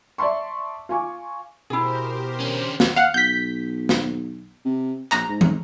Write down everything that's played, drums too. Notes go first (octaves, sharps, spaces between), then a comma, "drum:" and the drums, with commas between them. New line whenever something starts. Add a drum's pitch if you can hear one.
D5 E5 A5 C6 C#6
F4 G#5 C#6 D6
B2 E4 G4 G#4 A#4 C5
D3 C#4
drum: snare
F5 F#5
B1 G6 B6
drum: snare
C3
A#1 A#5, drum: clap
G#2
drum: tom